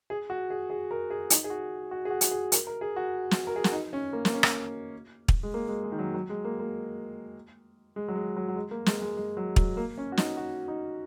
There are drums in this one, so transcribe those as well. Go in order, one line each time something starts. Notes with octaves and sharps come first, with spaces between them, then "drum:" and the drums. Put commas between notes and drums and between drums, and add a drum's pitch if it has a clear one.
G#4
F#4
G#4
G#4
A#4
G#4
D#4, drum: hi-hat
G#4
F#4
F#4
G#4
F#4
drum: hi-hat
G#4
A#4, drum: hi-hat
A#4
G#4
F#4
drum: snare
A#4
G#4
F#4, drum: snare
D#4
C#4
A#3
A#3, drum: snare
C#4
drum: rim click
drum: kick
G#3
A#3
G#3
G#3
D#3
F#3
F#3
G#3
A#3
A#3
G#3
F#3
G#3
F#3
F#3
G#3
A#3
G#3, drum: snare
G#3
G#3
F#3
F#3, drum: kick
A#3
C#4
F#4
D#4, drum: snare
F#4
D#4